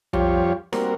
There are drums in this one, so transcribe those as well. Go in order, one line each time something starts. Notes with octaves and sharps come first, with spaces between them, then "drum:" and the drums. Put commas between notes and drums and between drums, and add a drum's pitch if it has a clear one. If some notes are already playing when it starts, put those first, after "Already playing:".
F2 F3 G3 F4 G4 C#5, drum: tom B1
G3 A#3 C4 F#4 A#4, drum: snare D#4